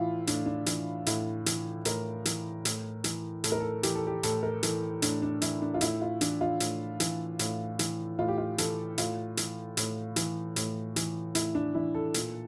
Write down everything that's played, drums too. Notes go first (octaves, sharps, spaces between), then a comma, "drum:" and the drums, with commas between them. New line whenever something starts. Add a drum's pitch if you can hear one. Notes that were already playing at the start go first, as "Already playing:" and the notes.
Already playing: A2 E3 E4 F4
A2 D4, drum: hi-hat
D4
E3, drum: hi-hat
A2 E4, drum: hi-hat
E3, drum: hi-hat
A2 A#4, drum: hi-hat
E3, drum: hi-hat
A2, drum: hi-hat
E3, drum: hi-hat
A2 A4, drum: hi-hat
A#4
A4
E3 G4, drum: hi-hat
A4
G4
A2 A4, drum: hi-hat
A#4
E3 A4, drum: hi-hat
A2 D4, drum: hi-hat
D4
E3 E4, drum: hi-hat
D4
F4
A2 E4, drum: hi-hat
F4
E3 D4, drum: hi-hat
F4
A2, drum: hi-hat
E3, drum: hi-hat
A2, drum: hi-hat
E3, drum: hi-hat
A2 F4
G4
F4
E3 A4, drum: hi-hat
A2 F4, drum: hi-hat
E3, drum: hi-hat
A2, drum: hi-hat
E3, drum: hi-hat
A2, drum: hi-hat
E3, drum: hi-hat
A2 E4, drum: hi-hat
D4
E3 E4
A4
A#2, drum: hi-hat